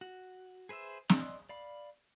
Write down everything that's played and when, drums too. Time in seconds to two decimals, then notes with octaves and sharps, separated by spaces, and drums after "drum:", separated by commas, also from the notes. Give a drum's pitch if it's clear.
0.01 F#4
0.69 G#4 B4 C5 E5 E6
1.09 D5 D#5 C6 E6 F#6, drum: snare
1.49 D5 F5 B5